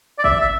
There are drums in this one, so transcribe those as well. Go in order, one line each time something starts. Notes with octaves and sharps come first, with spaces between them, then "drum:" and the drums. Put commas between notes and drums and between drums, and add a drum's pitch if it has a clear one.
D5
E5, drum: kick G#1
E5